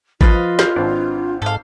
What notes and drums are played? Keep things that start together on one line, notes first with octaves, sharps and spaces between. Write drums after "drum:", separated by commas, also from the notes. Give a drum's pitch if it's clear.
F3 F4 B4 D#5 F5 A6, drum: kick G#1
F6 G6 C7, drum: snare
G#1 C4 D4
G#2 A4 F5